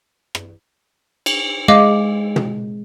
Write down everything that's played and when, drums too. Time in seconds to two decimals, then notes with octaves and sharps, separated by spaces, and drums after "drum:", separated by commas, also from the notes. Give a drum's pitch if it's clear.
0.35 drum: rim click
1.26 drum: cymbal
1.68 G#3 D#5 F5 D6
2.36 drum: tom